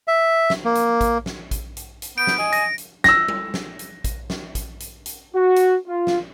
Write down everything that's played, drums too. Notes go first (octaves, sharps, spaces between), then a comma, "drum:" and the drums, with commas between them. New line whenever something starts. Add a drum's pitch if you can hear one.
E5
drum: snare
A#3
drum: hi-hat
drum: kick, hi-hat
drum: snare
drum: kick, hi-hat
drum: hi-hat
drum: hi-hat
B3 G6 D7
drum: snare
D#5 G#5
A#6, drum: hi-hat
drum: hi-hat
E6 A#6, drum: snare
drum: tom
drum: snare
drum: hi-hat
drum: kick, hi-hat
drum: snare
drum: kick, hi-hat
drum: hi-hat
drum: hi-hat
F#4
drum: hi-hat
F4
drum: snare